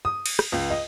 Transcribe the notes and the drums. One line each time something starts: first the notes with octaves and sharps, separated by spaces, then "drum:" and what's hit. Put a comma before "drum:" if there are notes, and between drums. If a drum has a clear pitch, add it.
D#6
drum: cymbal
drum: rim click
C#2
D#5